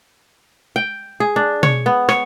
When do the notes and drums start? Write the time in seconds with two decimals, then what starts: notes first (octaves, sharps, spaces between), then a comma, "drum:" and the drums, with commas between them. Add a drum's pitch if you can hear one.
0.76 G5
1.20 G#4
1.36 D4
1.63 C#5, drum: tom B2
1.86 B3
2.09 C#5, drum: rim click